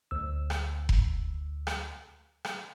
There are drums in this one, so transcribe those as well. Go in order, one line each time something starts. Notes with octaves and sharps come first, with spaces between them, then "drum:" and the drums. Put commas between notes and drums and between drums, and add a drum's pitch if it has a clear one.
D2 E6
drum: rim click
drum: kick F1
drum: rim click
drum: rim click